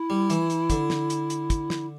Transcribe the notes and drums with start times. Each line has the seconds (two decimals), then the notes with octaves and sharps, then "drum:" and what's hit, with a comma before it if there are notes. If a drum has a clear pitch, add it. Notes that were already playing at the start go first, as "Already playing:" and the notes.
Already playing: E4
0.10 G3
0.30 E3, drum: hi-hat
0.50 drum: hi-hat
0.70 D3, drum: kick, hi-hat
0.90 drum: snare
1.10 drum: hi-hat
1.30 drum: hi-hat
1.50 drum: kick, hi-hat
1.70 drum: snare